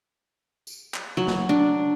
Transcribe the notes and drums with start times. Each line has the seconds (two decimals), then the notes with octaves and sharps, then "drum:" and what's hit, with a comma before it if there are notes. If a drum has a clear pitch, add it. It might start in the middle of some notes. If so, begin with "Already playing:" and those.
0.67 drum: tambourine
0.94 drum: clap
1.17 F#3
1.27 drum: snare
1.49 D4